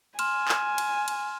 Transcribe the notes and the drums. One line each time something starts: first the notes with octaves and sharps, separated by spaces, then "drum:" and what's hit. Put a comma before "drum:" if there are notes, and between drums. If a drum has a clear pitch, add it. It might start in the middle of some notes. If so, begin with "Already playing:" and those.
G#5 C6 F6 E7, drum: cymbal
drum: clap
drum: cymbal
drum: cymbal